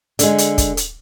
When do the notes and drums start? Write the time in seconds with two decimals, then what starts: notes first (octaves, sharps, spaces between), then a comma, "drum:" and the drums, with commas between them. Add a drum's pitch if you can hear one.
0.19 D3 G#3, drum: hi-hat
0.38 drum: hi-hat
0.58 drum: kick, hi-hat
0.77 drum: hi-hat